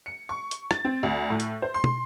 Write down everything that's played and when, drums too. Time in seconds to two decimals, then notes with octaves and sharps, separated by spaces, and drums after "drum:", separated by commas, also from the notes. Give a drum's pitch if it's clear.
0.06 C#7
0.29 C#6
0.51 drum: hi-hat
0.71 A6, drum: rim click
0.85 C4
1.03 D2
1.30 A2
1.40 drum: hi-hat
1.62 C5
1.74 C6
1.84 drum: tom